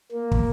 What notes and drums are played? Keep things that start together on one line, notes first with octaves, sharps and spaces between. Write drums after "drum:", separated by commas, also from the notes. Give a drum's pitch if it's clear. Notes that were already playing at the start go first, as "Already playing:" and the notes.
A#3
drum: kick